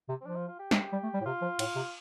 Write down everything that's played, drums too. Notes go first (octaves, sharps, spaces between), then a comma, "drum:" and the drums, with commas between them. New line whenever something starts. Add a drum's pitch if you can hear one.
C3
C4
F3 D4
F4
F4
G4
drum: snare
G3
A3
G3
A2
C3 F4
F3
A2, drum: cymbal
C3